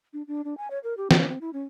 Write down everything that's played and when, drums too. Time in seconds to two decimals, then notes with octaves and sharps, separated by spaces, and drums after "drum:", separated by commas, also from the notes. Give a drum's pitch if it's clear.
0.13 D4
0.27 D4
0.44 D4
0.57 G#5
0.70 C#5
0.84 A#4
0.97 G4
1.11 C#4, drum: snare
1.28 C4
1.41 E4
1.53 C#4